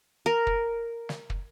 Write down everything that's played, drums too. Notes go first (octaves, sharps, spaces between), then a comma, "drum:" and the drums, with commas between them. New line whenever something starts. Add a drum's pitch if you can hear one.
A#4
drum: kick
drum: snare
drum: kick